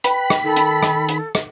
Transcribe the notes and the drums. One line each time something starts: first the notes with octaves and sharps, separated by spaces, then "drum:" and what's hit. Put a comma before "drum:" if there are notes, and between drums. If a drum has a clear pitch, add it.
B4 G5 B5, drum: hi-hat
drum: rim click
D#3 A4
drum: hi-hat
drum: rim click
drum: hi-hat
drum: rim click